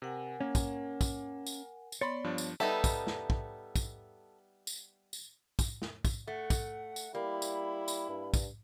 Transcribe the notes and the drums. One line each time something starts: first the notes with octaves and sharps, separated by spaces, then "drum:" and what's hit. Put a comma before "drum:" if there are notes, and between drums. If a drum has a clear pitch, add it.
C3 A#4 F#5 G#5
A#3 C#4
drum: kick, tambourine
drum: kick, tambourine
drum: tambourine
drum: tambourine
B3 C#5 D5 B5 C6 A6
G2 F3 D4
drum: tambourine
G3 B3 D#4 A4 E5
drum: kick, tambourine
drum: snare
drum: kick
drum: kick, tambourine
drum: tambourine
drum: tambourine
drum: kick, tambourine
drum: snare
drum: kick, tambourine
A3 F#5
drum: kick, tambourine
drum: tambourine
G3 A#3 E4 B5
drum: tambourine
drum: tambourine
G2
drum: kick, tambourine